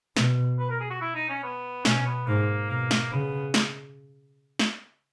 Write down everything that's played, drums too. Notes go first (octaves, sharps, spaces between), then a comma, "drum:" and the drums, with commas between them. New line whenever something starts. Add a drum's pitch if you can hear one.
B2, drum: snare
B4
A#4
G#4
F#4
E4
D#4
C#4
B3
B2 C#4, drum: snare
B3
G#2 A#3
B2 A#3
drum: snare
C#3 B3
drum: snare
drum: snare